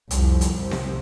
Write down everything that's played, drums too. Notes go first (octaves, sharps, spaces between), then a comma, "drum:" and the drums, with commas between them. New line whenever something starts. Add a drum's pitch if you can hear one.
C2 F2, drum: hi-hat
drum: hi-hat
C3
drum: snare C4